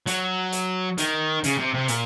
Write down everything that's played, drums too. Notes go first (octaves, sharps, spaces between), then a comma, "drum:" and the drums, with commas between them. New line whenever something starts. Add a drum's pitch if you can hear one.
F#3, drum: hi-hat
drum: hi-hat
D#3, drum: hi-hat
C#3, drum: hi-hat
C3
C3
A#2, drum: hi-hat